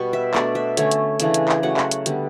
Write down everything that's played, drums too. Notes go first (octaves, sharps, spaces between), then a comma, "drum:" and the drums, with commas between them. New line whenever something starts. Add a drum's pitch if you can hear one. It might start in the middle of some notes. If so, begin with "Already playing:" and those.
Already playing: B2 G3 B3 C#6
E5
B2 A3 D4 D5, drum: clap
E5
D3 A3 C#4 C#5, drum: hi-hat
drum: hi-hat
C#3 E3 A3 D4, drum: hi-hat
drum: hi-hat
drum: clap
F#3 A3 C#4 F#5
drum: clap
drum: hi-hat
D3 G3 B3, drum: hi-hat